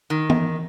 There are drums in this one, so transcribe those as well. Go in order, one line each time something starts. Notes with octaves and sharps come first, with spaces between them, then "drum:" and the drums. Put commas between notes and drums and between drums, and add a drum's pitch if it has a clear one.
D#3
drum: tom E3